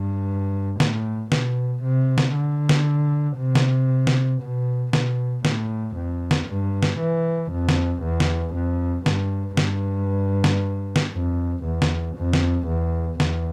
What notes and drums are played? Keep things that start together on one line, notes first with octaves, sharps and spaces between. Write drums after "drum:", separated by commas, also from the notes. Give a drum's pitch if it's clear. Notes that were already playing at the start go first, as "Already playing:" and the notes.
Already playing: G2
A2, drum: snare
B2, drum: snare
C3
drum: snare
D3
drum: snare
C3
drum: snare
drum: snare
B2
B2, drum: snare
A2, drum: snare
F2
drum: snare
G2
drum: snare
E3
F2
drum: snare
E2
drum: snare
F2
G2, drum: snare
G2, drum: snare
drum: snare
drum: snare
F2
E2
drum: snare
F2
drum: snare
E2
E2, drum: snare